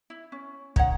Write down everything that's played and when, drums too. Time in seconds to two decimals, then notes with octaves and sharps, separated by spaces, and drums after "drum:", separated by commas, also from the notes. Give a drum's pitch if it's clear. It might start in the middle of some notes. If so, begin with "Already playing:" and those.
0.10 E4
0.32 C#4
0.76 D#4 C#5 D#5 F#5, drum: kick